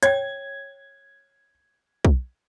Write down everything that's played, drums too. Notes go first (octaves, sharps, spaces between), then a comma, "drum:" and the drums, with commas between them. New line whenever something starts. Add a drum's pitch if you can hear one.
C#5 G5 G#6, drum: hi-hat
drum: kick